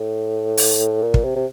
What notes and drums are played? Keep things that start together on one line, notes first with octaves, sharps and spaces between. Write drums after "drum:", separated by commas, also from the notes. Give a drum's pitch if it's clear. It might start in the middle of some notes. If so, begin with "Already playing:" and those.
Already playing: A2
drum: open hi-hat
A#2
drum: kick
C3
C3